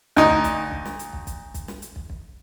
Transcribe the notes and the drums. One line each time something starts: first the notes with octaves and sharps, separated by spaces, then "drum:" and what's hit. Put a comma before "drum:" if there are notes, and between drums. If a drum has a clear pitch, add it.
D2 D#4, drum: hi-hat
drum: kick
drum: kick, hi-hat
drum: kick
drum: snare
drum: hi-hat
drum: kick
drum: kick, hi-hat
drum: kick, hi-hat
drum: snare
drum: hi-hat
drum: kick
drum: kick